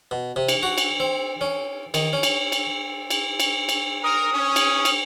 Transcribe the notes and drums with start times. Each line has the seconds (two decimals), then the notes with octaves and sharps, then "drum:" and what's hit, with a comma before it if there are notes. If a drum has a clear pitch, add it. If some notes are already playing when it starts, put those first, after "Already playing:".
0.11 B2
0.36 C3
0.48 drum: cymbal
0.63 F#4
0.78 drum: cymbal
1.00 C4
1.41 C#4
1.94 D#3, drum: cymbal
2.13 C#4
2.23 drum: cymbal
2.52 drum: cymbal
3.10 drum: cymbal
3.40 drum: cymbal
3.69 drum: cymbal
4.04 A#4 D#6
4.33 C#4
4.56 drum: cymbal
4.85 drum: cymbal